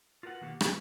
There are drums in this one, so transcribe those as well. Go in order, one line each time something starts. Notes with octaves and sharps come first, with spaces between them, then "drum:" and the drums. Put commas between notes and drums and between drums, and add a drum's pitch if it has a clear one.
F4 F#4 A#4 B4 F#5
B2 D#3 A#3 G4 F#5
E3 G3 B3 F4 B4, drum: rim click